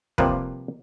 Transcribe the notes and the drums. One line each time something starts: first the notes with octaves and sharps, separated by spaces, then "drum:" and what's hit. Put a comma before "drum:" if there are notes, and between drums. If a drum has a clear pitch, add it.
C3 F3 G3 A#3 B4, drum: kick